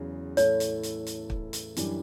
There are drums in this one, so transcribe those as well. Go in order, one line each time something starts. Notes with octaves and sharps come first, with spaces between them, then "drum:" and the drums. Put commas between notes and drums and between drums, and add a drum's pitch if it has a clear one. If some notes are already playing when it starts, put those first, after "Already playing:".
Already playing: E2 C#3 F#3
A2 E3 A3 E4 A4 C#5, drum: hi-hat
drum: hi-hat
drum: hi-hat
drum: hi-hat
drum: kick
drum: hi-hat
F#2 E3 G3 D4, drum: hi-hat